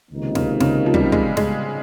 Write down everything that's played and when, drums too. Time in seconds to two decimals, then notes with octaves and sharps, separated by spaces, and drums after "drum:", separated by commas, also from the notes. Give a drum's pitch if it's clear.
0.11 C#2 C3 D#3 A#3 D#4
0.35 C#3, drum: snare
0.60 C#3, drum: snare
0.86 F3
0.94 G3, drum: kick
1.01 F3
1.12 G#3, drum: kick
1.37 G#3, drum: snare